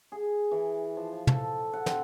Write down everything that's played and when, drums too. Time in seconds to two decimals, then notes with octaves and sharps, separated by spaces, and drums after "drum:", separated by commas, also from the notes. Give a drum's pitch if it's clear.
0.12 G#4
0.51 E3
0.97 F3
1.13 F3
1.27 A4, drum: tom
1.73 F#5
1.86 C4, drum: snare